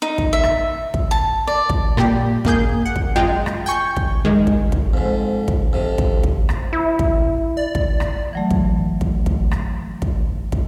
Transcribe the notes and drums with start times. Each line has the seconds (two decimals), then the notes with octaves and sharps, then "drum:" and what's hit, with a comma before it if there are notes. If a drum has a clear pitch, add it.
0.02 D#4
0.18 drum: kick
0.33 E5
0.43 drum: rim click
0.94 drum: kick
1.11 A5
1.47 D5
1.70 drum: kick
1.97 A#2 G3 A#3 G4, drum: rim click
2.45 F#2 A#3 G#4 G6, drum: kick
2.85 F#5
2.96 drum: kick
3.16 A#1 F#2 G#3 F4 G5
3.46 drum: rim click
3.66 G5 G#5 C#6 G6
3.97 drum: kick
4.25 F#2 D#3 G#3
4.47 drum: kick
4.72 drum: kick
4.94 F2 G#2
5.48 drum: kick
5.73 F2 C3
5.98 drum: kick
6.24 drum: kick
6.49 drum: rim click
6.73 E4
6.99 drum: kick
7.57 D5
7.75 drum: kick
8.00 drum: rim click
8.33 E3 F#3 A3
8.51 drum: kick
9.01 drum: kick
9.26 drum: kick
9.51 drum: rim click
10.02 drum: kick
10.52 drum: kick